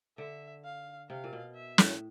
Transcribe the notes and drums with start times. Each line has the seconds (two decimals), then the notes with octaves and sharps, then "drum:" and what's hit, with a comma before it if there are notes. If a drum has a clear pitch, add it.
0.18 D3 E5
0.65 F5
1.10 C3 F5
1.24 A#2
1.33 B2
1.55 E5
1.78 A2, drum: snare